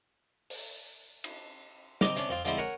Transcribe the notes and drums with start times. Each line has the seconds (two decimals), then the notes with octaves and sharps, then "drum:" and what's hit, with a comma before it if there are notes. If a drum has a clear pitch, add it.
0.50 drum: open hi-hat
1.24 drum: cymbal
2.01 C4 D#5 A#5 D6, drum: snare
2.16 C3 C#4 D4, drum: hi-hat
2.29 F2 C4 F4
2.45 D3 F3 G#3 C4 E4 C5, drum: hi-hat
2.58 A#4 C#5 F#5 G#5